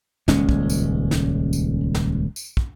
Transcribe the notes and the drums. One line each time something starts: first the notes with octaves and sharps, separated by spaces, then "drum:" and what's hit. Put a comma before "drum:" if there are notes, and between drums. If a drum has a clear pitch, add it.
D#1 C#2 G#3 C#4, drum: snare
drum: kick
drum: tambourine
drum: snare
drum: tambourine
drum: snare
drum: tambourine
drum: kick